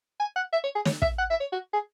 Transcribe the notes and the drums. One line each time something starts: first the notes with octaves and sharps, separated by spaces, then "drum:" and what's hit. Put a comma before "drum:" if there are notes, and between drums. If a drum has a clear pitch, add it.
G#5
F#5
E5
C#5
G#4
C#5, drum: snare
E5, drum: kick
F#5
E5
C#5
F#4
G#4